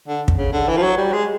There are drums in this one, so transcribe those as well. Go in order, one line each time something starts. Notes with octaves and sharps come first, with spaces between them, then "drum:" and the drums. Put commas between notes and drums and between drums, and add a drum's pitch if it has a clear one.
D3
drum: kick
C#3
D3
E3
F3
F#3
G3
G#3